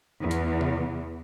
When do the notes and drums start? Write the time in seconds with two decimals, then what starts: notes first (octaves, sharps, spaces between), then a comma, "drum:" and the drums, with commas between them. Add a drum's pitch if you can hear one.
0.21 E2
0.31 drum: hi-hat
0.61 drum: tom C3